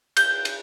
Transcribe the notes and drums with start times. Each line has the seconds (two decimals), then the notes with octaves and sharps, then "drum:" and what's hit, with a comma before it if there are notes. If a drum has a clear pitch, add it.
0.17 G6, drum: cymbal
0.45 drum: cymbal